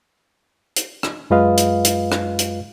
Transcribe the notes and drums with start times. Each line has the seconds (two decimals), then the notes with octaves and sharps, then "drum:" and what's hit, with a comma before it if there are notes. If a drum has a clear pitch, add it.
0.76 drum: hi-hat
1.03 drum: rim click
1.30 F#2 G#3 F4 B4 D#5 F5
1.57 drum: hi-hat
1.85 drum: hi-hat
2.12 drum: rim click
2.39 drum: hi-hat